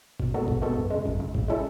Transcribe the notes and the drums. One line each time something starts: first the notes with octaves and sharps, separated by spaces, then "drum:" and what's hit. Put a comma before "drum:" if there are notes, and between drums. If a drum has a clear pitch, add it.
B2, drum: kick G#1
G#3 B3 F#4 A4
B2, drum: kick G#1
G#3 B3 F#4 A4
F#2
C#3 G#3
F#2, drum: kick G#1
C#3 G#3
A2, drum: kick G#1
G#3 C#4 E4 A4